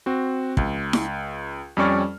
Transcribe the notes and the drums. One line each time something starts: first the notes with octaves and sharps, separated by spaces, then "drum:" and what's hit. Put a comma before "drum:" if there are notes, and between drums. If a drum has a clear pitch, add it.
C4 F#4
C#2, drum: kick
drum: snare E4
F2 G3 C#4 D5 C#6 F6